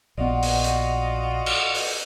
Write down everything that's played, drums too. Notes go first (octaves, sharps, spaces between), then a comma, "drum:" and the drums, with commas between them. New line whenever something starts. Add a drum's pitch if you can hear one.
A#1 B3 F4 F#4 D5 D#5 F#5
drum: open hi-hat
drum: hi-hat
drum: cymbal
drum: open hi-hat